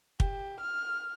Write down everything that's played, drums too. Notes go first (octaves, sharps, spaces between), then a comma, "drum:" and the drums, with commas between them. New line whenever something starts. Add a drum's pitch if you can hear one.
G4, drum: kick
F6